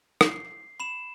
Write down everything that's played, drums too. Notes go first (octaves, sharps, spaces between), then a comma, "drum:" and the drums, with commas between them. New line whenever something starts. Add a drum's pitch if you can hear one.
C7, drum: rim click
B5 E7